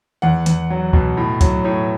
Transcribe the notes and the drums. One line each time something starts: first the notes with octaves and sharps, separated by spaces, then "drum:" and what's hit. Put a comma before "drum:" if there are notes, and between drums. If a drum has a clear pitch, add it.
E2 F#5
E2, drum: hi-hat
F#3
B2, drum: kick C#2
A2
F#3, drum: kick C#2, hi-hat
A2 C#5